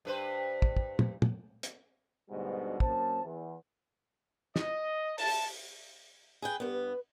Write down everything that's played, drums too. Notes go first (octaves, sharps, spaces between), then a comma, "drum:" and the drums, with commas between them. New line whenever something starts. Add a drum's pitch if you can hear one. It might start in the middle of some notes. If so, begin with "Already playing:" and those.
G2 B4 C5
drum: kick
drum: kick
drum: tom
drum: tom
drum: hi-hat
D2 G#2 B2 G3
F#2 A#3 C4 C5 A5, drum: kick
E2
D#5, drum: snare
A5, drum: open hi-hat
G#4 B4 G5
G2 B3 A#4
B4